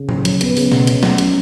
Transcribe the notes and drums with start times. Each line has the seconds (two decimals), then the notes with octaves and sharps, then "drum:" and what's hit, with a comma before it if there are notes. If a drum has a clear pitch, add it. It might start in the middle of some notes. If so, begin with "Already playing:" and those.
Already playing: C#3
0.09 F#3, drum: tom A2
0.25 F#3, drum: hi-hat
0.41 B3, drum: hi-hat
0.57 C#3, drum: open hi-hat
0.72 B2, drum: snare
0.87 C#4, drum: hi-hat
1.03 F#3, drum: snare
1.18 C#4, drum: hi-hat